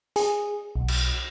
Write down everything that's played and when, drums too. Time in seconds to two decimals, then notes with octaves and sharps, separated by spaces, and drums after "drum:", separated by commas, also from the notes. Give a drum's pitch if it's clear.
0.16 G#4, drum: hi-hat
0.76 B1
0.88 drum: cymbal